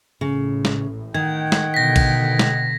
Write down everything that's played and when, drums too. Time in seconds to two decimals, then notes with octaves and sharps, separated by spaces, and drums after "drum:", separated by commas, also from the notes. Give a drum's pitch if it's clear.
0.21 A1 A2 C#3
0.65 drum: snare
1.14 D#3 D#5 F#5 G5 G#6
1.52 drum: snare
1.74 B2 D3 A#6 B6
1.96 drum: kick A1, cymbal
2.39 drum: snare